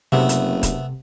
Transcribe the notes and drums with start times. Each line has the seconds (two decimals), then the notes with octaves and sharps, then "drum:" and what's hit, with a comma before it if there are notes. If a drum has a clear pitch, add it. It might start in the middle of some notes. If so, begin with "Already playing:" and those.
0.12 F#1 C3 A3 B3
0.29 drum: hi-hat
0.63 drum: kick D#1, hi-hat